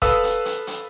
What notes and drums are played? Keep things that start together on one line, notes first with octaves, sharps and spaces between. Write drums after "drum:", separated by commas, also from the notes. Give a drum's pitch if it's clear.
A4 B4 F5 D#6 E6, drum: kick, hi-hat
drum: hi-hat
drum: hi-hat
drum: hi-hat